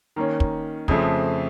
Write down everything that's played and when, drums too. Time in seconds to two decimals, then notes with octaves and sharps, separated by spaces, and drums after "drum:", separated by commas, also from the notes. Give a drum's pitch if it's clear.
0.16 D#3 A#3 C#4
0.40 drum: kick
0.88 F2 C#3 F3 A3 C4, drum: kick